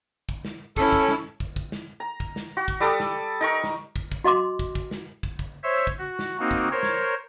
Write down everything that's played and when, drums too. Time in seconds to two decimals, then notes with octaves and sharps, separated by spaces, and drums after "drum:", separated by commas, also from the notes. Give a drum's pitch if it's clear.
0.29 drum: kick
0.45 drum: snare
0.77 C#4 E4 A4, drum: kick
0.92 drum: kick
1.08 drum: snare
1.40 drum: kick
1.56 drum: kick
1.72 drum: snare
2.00 A#5
2.20 drum: kick
2.36 drum: snare
2.57 F#4
2.68 drum: kick
2.80 G3 A4 D6 D#6
3.00 drum: snare
3.41 D#4 A#4 C#6
3.64 drum: snare
3.96 drum: kick
4.12 drum: kick
4.24 F#4 D#5 C6 D6
4.59 drum: kick
4.75 drum: kick
4.91 drum: snare
5.23 drum: kick
5.39 drum: kick
5.63 C5 C#5 E5
5.87 drum: kick
5.99 F#4
6.19 drum: snare
6.39 A#3 C4 D#4 F#4
6.51 drum: kick
6.71 A#4 C5 C#5
6.83 drum: snare